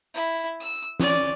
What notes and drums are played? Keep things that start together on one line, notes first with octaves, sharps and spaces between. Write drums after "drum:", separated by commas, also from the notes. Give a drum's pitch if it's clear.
E4
E6
C#4 D5, drum: snare